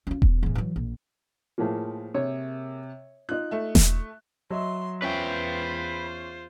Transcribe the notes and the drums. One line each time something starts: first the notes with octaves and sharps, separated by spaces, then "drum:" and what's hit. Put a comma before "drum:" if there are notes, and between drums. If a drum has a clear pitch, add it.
C#4 F4
B3, drum: kick E1
E2 A2
E3 F#3
A#1
A2 F3 A#3 G#4
C3 C#5
D#4 F4 F#6
A3 E5
drum: snare E1
F#3 D#5 E5 C6
E2 C#4 F4 B4 C5 E5 G5